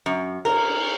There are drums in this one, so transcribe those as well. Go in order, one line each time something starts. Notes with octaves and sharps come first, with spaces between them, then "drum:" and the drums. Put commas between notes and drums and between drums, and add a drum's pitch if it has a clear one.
F#2
A#4, drum: cymbal